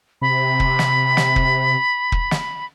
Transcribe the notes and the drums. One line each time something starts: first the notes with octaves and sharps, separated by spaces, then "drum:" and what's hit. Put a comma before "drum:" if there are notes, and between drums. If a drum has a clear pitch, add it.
C3 B5
drum: kick
drum: snare
drum: snare
drum: kick
drum: kick
drum: snare